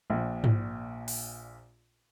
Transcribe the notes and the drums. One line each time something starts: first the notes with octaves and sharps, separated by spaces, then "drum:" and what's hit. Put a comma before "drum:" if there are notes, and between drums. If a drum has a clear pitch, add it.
A#1 A#2
drum: tom G#2
drum: open hi-hat